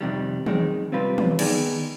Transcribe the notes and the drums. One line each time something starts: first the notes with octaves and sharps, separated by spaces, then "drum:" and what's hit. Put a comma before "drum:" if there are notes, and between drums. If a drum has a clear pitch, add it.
F2 C3 D#3 G3
F2 D#3 G#3, drum: tom
C3 G3 C4 F4 B4
drum: tom
D#3 B3 D#4 G#4 D5, drum: cymbal